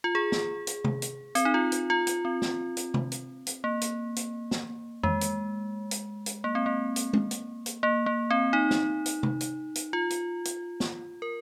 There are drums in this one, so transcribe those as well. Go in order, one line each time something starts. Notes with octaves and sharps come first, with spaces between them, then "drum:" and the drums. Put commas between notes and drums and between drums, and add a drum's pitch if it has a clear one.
F4
G#4
drum: snare
drum: hi-hat
drum: tom C3
drum: hi-hat
C4, drum: hi-hat
D#4
F4
drum: hi-hat
F4
drum: hi-hat
C4
drum: snare
drum: hi-hat
drum: tom C3
drum: hi-hat
drum: hi-hat
A#3
drum: hi-hat
drum: hi-hat
drum: snare
G#3, drum: tom F2
drum: hi-hat
drum: hi-hat
drum: hi-hat
A#3
C4
A#3
drum: hi-hat
drum: tom G#3
drum: hi-hat
drum: hi-hat
A#3
A#3
C4
D#4
drum: snare
drum: hi-hat
drum: tom C3
drum: hi-hat
drum: hi-hat
F4
drum: hi-hat
drum: hi-hat
drum: snare
A#4